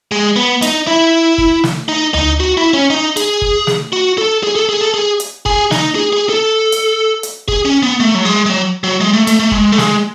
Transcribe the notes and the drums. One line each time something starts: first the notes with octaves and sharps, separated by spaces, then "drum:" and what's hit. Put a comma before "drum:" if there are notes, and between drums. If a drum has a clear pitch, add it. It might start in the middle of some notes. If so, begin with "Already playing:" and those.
G#3
B3
D#4, drum: hi-hat
E4
drum: kick
drum: snare
D#4
D#4, drum: tom D2
F#4
E4
C#4
D#4
G#4, drum: hi-hat
drum: kick
drum: snare
F#4
A4
G#4
A4
G#4
A4
G#4
drum: hi-hat
G#4, drum: kick
D#4, drum: snare
G#4
G#4
A4
drum: hi-hat
drum: hi-hat
G#4, drum: kick
C#4
B3
A3
F#3
G#3
G#3
F#3
F#3
G#3
A3
A3, drum: hi-hat
A3
G#3, drum: kick
A3
G#3, drum: snare